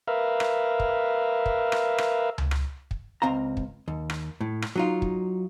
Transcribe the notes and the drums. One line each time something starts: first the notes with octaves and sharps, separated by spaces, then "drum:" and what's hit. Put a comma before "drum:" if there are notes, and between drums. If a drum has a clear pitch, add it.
A#4 B4 E5 F5
drum: rim click
drum: kick
drum: kick
drum: rim click
drum: rim click
drum: tom C#2
drum: rim click
drum: kick
C#2 C4 F5 A#5
drum: kick
D#2
drum: rim click
A2
drum: rim click
F#3 D#4 F4
drum: kick